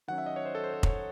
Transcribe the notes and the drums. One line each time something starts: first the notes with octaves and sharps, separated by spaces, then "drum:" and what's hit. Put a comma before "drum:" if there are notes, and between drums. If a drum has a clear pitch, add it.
D#3 F#3 C#4 F#5
E5
D#5
C#5
C5
A4
C5
C5
C#5, drum: kick F1